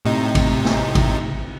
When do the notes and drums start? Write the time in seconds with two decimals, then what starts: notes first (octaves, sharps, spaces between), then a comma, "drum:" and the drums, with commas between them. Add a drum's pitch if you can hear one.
0.05 A2 C3 D#4
0.35 drum: kick G#1, cymbal
0.65 drum: snare
0.95 drum: kick G#1, cymbal